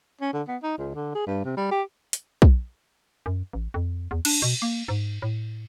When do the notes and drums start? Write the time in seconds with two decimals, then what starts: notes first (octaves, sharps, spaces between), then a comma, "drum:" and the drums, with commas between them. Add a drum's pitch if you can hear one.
0.21 C#4
0.33 D3
0.48 B3
0.63 D#4
0.78 C#2
0.95 D3
1.15 G#4
1.27 G2
1.44 C3
1.57 G3
1.71 G4
2.13 drum: hi-hat
2.42 drum: kick
3.26 F#2
3.53 A1
3.74 F2
4.11 E2
4.25 D4, drum: cymbal
4.42 B2
4.62 A#3
4.88 G#2
5.22 A2